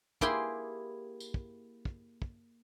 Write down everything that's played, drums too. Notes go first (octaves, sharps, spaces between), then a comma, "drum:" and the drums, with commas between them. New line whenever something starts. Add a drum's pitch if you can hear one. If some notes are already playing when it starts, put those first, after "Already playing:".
A#3 E4 G4 G#4 G5 C6, drum: kick
drum: tambourine
drum: kick
drum: kick
drum: kick